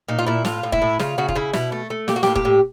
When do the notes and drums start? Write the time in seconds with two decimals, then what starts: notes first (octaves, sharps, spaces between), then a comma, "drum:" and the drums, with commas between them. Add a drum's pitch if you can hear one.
0.08 A#2 D#4
0.19 F4
0.27 A#2 E4
0.45 A2 F4, drum: snare
0.63 A2
0.72 E4, drum: kick
0.82 A2
0.99 C#3 F4, drum: snare
1.18 C#3 F#4
1.29 F4, drum: kick
1.35 C#3 E4
1.53 B2 E4, drum: snare
1.72 A3
1.90 A3
2.08 A#3 G4, drum: snare
2.16 F#4
2.23 G4, drum: snare
2.27 A2
2.36 G4, drum: kick
2.45 A2